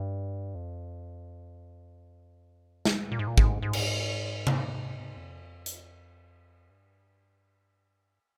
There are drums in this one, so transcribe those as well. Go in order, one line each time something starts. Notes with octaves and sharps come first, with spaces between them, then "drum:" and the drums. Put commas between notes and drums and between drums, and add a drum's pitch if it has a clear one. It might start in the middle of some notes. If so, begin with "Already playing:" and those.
Already playing: G2
F2
G2, drum: snare
A#2
G#2
A#2
G#2, drum: kick G#1
G#2
drum: cymbal
drum: tom C3
F2
drum: hi-hat
G2